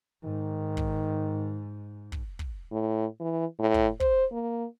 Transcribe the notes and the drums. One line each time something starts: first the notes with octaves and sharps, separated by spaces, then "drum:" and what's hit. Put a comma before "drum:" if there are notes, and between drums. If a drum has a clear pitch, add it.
G#2 D#3
drum: kick
drum: kick
drum: kick
A2
E3
A2
drum: kick
C5, drum: kick
A#3